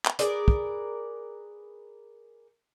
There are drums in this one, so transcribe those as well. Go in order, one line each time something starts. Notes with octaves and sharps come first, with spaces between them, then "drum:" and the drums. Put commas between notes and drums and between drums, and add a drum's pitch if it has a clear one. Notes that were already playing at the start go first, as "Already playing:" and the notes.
drum: clap
G#4 A#4 B4 D5, drum: hi-hat
drum: kick